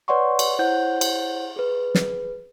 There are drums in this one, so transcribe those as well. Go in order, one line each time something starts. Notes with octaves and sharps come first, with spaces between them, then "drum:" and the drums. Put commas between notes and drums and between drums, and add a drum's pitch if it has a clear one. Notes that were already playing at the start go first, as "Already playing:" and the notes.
B4 C#5 D5 F#5 C6 C#6
drum: cymbal
E4 C5 C#5 F#5 G6
drum: cymbal
G#4 B4
drum: snare